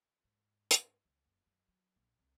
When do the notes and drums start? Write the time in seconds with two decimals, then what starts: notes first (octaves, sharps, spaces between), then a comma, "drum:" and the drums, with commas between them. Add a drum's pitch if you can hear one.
0.24 G#2
0.71 drum: hi-hat
1.05 C#2
1.25 F#1
1.46 F#2
1.68 F#3
1.96 A#1
2.19 C2